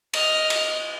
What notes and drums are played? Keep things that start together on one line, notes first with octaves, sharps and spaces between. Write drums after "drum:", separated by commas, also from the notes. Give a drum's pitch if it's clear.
D#5 F6, drum: cymbal
drum: cymbal